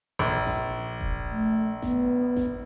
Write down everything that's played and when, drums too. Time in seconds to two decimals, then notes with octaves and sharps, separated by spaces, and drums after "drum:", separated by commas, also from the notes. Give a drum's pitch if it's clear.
0.19 A#1, drum: snare G#1
0.46 drum: snare G#1
1.01 drum: kick D#1
1.31 A3
1.82 B3, drum: snare G#1
2.36 drum: snare G#1